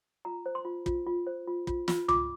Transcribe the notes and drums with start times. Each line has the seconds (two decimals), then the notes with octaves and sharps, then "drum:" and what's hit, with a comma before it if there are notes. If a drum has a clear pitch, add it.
0.25 F4 A#5
0.46 C5
0.55 C6
0.65 F4
0.86 F4, drum: kick
1.07 F4
1.27 C5
1.47 F4
1.67 F4, drum: kick
1.88 F4, drum: snare
2.08 F4 D6, drum: tom C#2